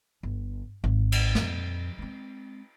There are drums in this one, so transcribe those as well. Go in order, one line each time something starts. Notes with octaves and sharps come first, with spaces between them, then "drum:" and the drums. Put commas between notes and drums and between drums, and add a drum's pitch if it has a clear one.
G1
G#1
drum: cymbal
F2 A#2, drum: snare
G#3 C4